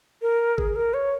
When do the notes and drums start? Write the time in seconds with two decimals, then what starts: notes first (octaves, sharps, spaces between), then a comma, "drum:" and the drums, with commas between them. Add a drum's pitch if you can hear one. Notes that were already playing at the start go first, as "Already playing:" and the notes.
0.22 A#4
0.58 G#4, drum: kick G1
0.76 A#4
0.94 C#5